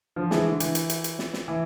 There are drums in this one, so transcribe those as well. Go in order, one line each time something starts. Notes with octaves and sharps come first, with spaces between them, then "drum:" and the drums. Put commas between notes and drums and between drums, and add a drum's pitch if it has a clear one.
D3 F3
E3 G#3, drum: snare
D3
E3, drum: hi-hat
drum: hi-hat
drum: hi-hat
drum: hi-hat
drum: snare
drum: snare
E3